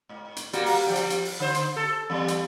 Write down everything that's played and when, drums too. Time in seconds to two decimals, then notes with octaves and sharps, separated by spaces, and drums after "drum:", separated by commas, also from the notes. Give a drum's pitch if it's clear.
0.09 G#2
0.36 drum: hi-hat
0.53 G3 A#3 F#4, drum: hi-hat
0.66 drum: open hi-hat
0.86 F3 G3 G4
0.95 drum: hi-hat
1.10 drum: hi-hat
1.25 drum: open hi-hat
1.40 D3 C5
1.54 drum: hi-hat
1.76 A4
2.10 E2 G3
2.28 drum: hi-hat